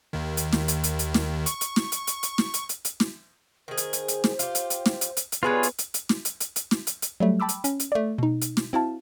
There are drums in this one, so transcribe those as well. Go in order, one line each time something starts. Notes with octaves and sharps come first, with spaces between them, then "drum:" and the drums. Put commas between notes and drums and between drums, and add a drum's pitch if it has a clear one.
D#2 D#3
drum: hi-hat
drum: snare
drum: hi-hat
drum: hi-hat
drum: hi-hat
drum: snare
C#6, drum: hi-hat
drum: hi-hat
drum: snare
drum: hi-hat
drum: hi-hat
drum: hi-hat
drum: snare
drum: hi-hat
drum: hi-hat
drum: hi-hat
drum: snare
D#3 G#4 C5
drum: hi-hat
drum: hi-hat
drum: hi-hat
drum: snare
F4 G4, drum: hi-hat
drum: hi-hat
drum: hi-hat
drum: snare
drum: hi-hat
drum: hi-hat
drum: hi-hat
G3 G#3 B3 F4 G#4 B4 C#5
drum: hi-hat
drum: hi-hat
drum: hi-hat
drum: snare
drum: hi-hat
drum: hi-hat
drum: hi-hat
drum: snare
drum: hi-hat
drum: hi-hat
F#3 G3 A3
G5 A5 B5 D6 E6
drum: hi-hat
C#4, drum: hi-hat
drum: hi-hat
A3 D5
B2 D#4
drum: hi-hat
drum: snare
C4 E4 F#4 F5 A5